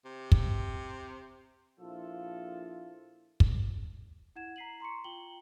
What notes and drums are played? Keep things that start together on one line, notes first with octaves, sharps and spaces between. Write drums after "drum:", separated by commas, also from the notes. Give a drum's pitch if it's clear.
C3
drum: kick
A#1 F3 E4 F4 A4
drum: kick
E4 F#5 G#6 E7
A#5 B6 C7 D#7 F#7
A#5 C6 C#6 C#7
F4 G5 F#7 G7